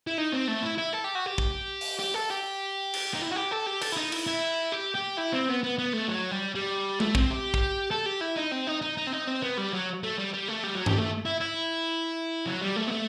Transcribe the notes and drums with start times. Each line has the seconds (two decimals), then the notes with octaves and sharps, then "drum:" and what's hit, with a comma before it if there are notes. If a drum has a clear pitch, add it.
0.07 E4
0.18 D#4
0.32 C4
0.48 A3
0.62 E4
0.78 E4
0.93 A4
1.04 G4
1.15 F#4
1.26 G4
1.38 drum: kick
1.81 drum: open hi-hat
2.00 G4
2.14 A4
2.30 G4
2.94 drum: cymbal
3.14 D#4
3.21 E4
3.28 F#4
3.36 G4
3.51 A4
3.66 G4
3.81 A4, drum: cymbal
3.92 E4
3.97 D#4
4.12 E4, drum: cymbal
4.27 E4
4.72 G4
4.95 G4
5.18 E4
5.33 C4
5.49 B3
5.63 B3
5.79 B3
5.93 A3
6.08 F#3
6.31 G3
6.55 G3
7.00 A3, drum: tom G#3
7.15 C4, drum: kick
7.30 G4
7.54 drum: kick
7.91 A4
8.06 G4
8.21 E4
8.36 D#4
8.52 C4
8.67 D#4
8.82 D#4
8.97 D#4
9.07 C4
9.13 D#4
9.27 C4
9.43 B3
9.58 G3
9.73 F#3
10.03 A3
10.19 G3
10.34 G3
10.48 A3
10.64 G3
10.75 F#3
10.86 G3, drum: tom G2
10.98 A3
11.25 E4
11.40 E4
12.46 F#3
12.61 G3
12.76 A3
12.87 B3
12.91 A3